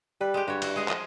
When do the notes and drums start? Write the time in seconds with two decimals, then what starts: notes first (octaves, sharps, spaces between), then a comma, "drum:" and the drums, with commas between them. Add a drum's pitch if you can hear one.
0.21 G3 B4
0.34 G#3 G4
0.48 G2 F#4 C#5
0.62 E4 F#4, drum: cymbal
0.76 G#3 G#4 D#5
0.88 F3 D#5, drum: clap